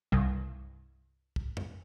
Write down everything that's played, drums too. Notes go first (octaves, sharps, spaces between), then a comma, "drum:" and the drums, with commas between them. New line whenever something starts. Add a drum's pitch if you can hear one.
C2 G2
drum: kick
drum: tom F2